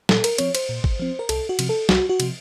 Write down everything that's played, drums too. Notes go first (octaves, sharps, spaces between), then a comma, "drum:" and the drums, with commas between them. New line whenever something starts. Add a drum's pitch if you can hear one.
A#2 A4, drum: snare
A#4, drum: cymbal
F3 C4 C#5, drum: cymbal
C5, drum: cymbal
A#2
drum: kick
F3 C4
A#4
C2 A4, drum: cymbal
F#4
C3 F3, drum: cymbal
A4
C2 F#4, drum: snare
F#4
C3 F3, drum: cymbal